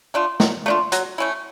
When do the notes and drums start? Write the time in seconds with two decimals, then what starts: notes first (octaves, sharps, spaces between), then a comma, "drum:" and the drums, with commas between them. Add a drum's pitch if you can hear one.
0.14 A3 D4 F4
0.40 F#3, drum: snare
0.66 A3 D4 F4
0.92 F#3, drum: hi-hat
1.18 A3 C#4 E4